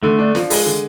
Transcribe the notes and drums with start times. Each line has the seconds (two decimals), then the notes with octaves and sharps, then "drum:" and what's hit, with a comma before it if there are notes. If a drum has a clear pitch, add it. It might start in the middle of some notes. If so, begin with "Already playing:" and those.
0.03 D3 A3
0.19 D4
0.35 F3, drum: snare
0.50 G#3, drum: open hi-hat
0.66 D3